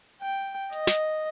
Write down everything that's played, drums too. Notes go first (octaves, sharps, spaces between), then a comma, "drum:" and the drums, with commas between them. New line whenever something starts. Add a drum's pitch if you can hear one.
G5
D#5, drum: hi-hat
drum: snare